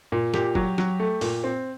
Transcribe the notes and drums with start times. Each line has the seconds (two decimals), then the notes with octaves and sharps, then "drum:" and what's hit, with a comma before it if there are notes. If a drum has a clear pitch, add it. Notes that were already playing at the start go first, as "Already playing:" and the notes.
0.12 A#2
0.34 A#2 G4, drum: snare
0.55 F#3, drum: kick F1
0.78 F#3, drum: snare
1.00 A3
1.21 A#2, drum: open hi-hat
1.44 C4